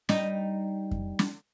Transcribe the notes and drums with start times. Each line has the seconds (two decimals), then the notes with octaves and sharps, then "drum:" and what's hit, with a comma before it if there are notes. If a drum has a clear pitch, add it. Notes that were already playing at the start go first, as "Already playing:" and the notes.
0.09 G3 D#4, drum: snare
0.91 drum: kick F2
1.19 drum: snare